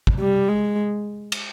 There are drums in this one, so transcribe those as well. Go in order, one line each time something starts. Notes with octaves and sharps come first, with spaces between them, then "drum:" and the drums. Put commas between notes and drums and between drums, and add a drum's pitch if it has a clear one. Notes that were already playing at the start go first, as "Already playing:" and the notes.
drum: kick
G3
G#3
drum: cymbal